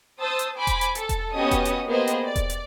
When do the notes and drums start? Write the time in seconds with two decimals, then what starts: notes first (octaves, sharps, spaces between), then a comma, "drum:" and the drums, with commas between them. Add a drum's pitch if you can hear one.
0.20 C5 A5 D#6 E6
0.39 drum: hi-hat
0.57 C5 G#5 B5 D6
0.67 drum: kick E1, hi-hat
0.81 drum: hi-hat
0.95 A4, drum: hi-hat
1.09 drum: kick E1, hi-hat
1.32 B3 C#4 F#4 G4 D#5 D#6
1.51 drum: kick E1, hi-hat
1.65 drum: hi-hat
1.87 A#3 B3 G4 G#4 C5 D#5
2.07 drum: hi-hat
2.24 D5
2.36 drum: kick E1, hi-hat
2.50 drum: hi-hat